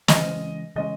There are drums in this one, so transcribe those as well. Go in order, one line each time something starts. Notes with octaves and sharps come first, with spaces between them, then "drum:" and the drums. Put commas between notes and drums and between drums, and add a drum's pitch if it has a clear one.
C#3 E3 G#3 C#4 D#5, drum: snare
C#3 E3 G#3 C#4 D#5